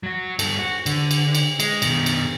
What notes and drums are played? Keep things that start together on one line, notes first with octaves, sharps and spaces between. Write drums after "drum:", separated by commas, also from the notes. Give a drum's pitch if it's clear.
F#3 F#4
G2 A4, drum: cymbal
F#4
D3, drum: cymbal
drum: cymbal
drum: cymbal
G#3, drum: cymbal
B2 D#3, drum: cymbal
drum: cymbal